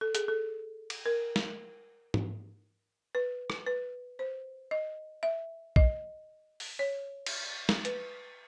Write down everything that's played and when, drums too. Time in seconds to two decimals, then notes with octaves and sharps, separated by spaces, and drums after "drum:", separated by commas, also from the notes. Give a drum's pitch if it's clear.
0.01 A4
0.15 G#4, drum: hi-hat
0.28 A4
0.90 drum: cymbal
1.06 A#4
1.36 drum: snare
2.14 drum: tom G#2
3.15 B4
3.50 drum: rim click
3.67 B4
4.19 C5
4.71 D#5
5.23 E5
5.76 D#5, drum: kick B1
6.60 drum: open hi-hat
6.79 C#5
7.26 drum: cymbal
7.69 drum: snare
7.85 B4, drum: hi-hat